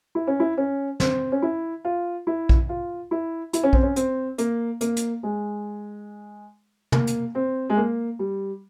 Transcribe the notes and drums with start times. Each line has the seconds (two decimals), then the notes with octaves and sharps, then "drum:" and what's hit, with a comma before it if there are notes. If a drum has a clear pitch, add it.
0.15 E4
0.27 C#4
0.40 E4
0.57 C#4
1.00 C4, drum: snare
1.32 C#4
1.42 E4
1.85 F4
2.27 E4
2.49 drum: kick A#1
2.69 F4
3.11 E4
3.53 E4, drum: hi-hat
3.63 C#4
3.73 C4, drum: kick A#1
3.83 C#4
3.96 C4, drum: hi-hat
4.38 A#3, drum: hi-hat
4.81 A#3, drum: hi-hat
4.96 drum: hi-hat
5.23 G#3
6.92 A#3, drum: tom
7.07 drum: hi-hat
7.35 C4
7.70 G#3
7.77 A#3
8.19 G3